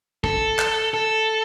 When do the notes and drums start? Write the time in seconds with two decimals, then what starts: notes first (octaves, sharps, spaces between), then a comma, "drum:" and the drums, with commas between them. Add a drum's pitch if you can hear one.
0.24 A4, drum: kick
0.59 drum: clap
0.94 A4